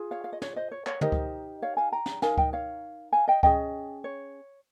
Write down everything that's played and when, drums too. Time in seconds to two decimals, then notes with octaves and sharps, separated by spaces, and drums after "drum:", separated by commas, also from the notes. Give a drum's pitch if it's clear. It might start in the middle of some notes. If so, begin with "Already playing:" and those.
Already playing: F4 G#4
0.11 C#5 F5
0.24 F5
0.33 D#5
0.42 C#5, drum: snare
0.56 C5 D#5
0.72 C#5
0.86 C#5, drum: clap
1.01 D#4 G4 A#4 C5 D#5, drum: tom
1.12 drum: kick C#2
1.62 C#5 F5
1.77 F5 G#5
1.92 G5 A#5
2.06 drum: snare
2.22 D#4 A#4 F5 G#5, drum: snare
2.38 D#5 G5, drum: kick C#2
2.53 C#5 F5
3.12 F5 G#5
3.28 D#5 G5
3.43 C#4 G#4 D#5 G5, drum: kick C#2
4.04 C#5